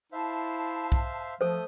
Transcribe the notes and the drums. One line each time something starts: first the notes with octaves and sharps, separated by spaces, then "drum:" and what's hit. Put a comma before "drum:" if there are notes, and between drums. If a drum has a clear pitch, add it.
E4 C5 E5 F5 A5
drum: kick
F3 A3 A4 C5 D#6 G6